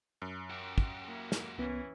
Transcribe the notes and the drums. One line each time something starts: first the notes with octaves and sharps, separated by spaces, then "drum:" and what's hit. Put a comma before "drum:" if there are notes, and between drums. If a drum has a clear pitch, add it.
F#2
F#4 G4
drum: kick
A#3 E4
drum: snare
C2 E3 B3 C#4